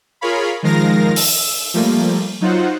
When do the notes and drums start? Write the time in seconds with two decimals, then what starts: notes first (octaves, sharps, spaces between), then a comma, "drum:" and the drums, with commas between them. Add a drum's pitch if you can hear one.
0.21 F4 G#4 A#4 C#5 F5 B5
0.63 D#3 F3 G#3 A#4 F5 A#6
1.16 E6, drum: open hi-hat
1.74 F3 G3 A3 A#3
2.41 F#3 D#4 F4 C5 F#5